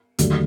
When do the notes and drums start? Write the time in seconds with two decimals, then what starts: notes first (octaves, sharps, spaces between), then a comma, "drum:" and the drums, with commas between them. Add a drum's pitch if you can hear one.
0.19 D#2 D3 F#3 A3, drum: hi-hat